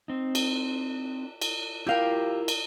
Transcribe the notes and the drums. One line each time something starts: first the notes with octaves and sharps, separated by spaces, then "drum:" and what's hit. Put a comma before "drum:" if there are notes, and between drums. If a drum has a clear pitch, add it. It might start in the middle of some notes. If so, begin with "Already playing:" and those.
C4 D#4
drum: cymbal
drum: cymbal
E4 F4 G4 A#4 F5 G5
drum: cymbal